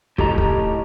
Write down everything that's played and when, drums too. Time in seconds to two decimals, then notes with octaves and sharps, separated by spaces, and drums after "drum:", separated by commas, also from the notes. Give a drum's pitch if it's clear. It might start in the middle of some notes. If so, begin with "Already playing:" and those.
0.18 A2 G4 A4 D#5 A#5, drum: kick
0.38 drum: kick